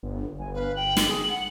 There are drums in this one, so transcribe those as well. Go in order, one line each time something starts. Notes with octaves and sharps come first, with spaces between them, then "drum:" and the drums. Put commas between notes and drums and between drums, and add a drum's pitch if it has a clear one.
G1
G1 G#5
B4 F5
G5 F#7
drum: snare
G#4
F#5